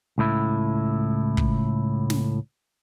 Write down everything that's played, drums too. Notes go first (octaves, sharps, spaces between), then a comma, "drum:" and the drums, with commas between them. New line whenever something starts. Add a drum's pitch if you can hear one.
C#2 A2 E4
drum: kick
drum: snare